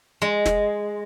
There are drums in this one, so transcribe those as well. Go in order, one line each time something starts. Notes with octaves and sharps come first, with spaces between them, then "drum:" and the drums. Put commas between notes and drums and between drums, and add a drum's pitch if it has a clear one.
G#3
drum: snare